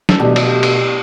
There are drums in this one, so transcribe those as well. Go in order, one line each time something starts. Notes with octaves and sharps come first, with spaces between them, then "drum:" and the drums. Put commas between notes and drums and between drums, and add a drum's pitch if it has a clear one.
A4, drum: snare
B2 A3 D4 E4 G4
drum: cymbal
drum: cymbal